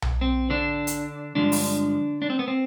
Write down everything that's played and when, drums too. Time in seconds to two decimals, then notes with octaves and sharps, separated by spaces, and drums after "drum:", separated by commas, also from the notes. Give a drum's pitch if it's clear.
0.02 drum: tom B1
0.21 C4
0.50 D3 D4
0.87 drum: hi-hat
1.35 G2 D3 F3 G#3 D4
1.52 drum: open hi-hat
2.22 D4
2.30 C4
2.39 B3
2.48 C4